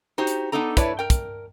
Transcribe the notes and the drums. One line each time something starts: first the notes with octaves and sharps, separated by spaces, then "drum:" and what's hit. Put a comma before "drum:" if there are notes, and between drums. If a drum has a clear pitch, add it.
D#4 F#4 G4 C5
drum: hi-hat
B3 D4 D#4 A4 A#5
E4 B4 C#5 D5 A5, drum: kick, hi-hat
A#4 G5
drum: kick, hi-hat